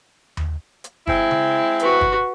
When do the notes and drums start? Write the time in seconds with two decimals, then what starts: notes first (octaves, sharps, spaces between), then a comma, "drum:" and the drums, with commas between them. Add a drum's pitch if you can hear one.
0.37 drum: tom D#2
0.84 drum: hi-hat
1.07 G#3 C4 E4, drum: kick
1.31 drum: tom C#3
1.79 F#4 B4, drum: hi-hat
2.01 drum: kick